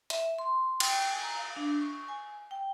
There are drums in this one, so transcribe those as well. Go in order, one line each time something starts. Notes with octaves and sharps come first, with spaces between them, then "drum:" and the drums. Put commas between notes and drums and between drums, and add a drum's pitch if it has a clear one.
E5, drum: hi-hat
C6
G5, drum: cymbal
G#5
A#5
F5
D4
C#6
G#5
G5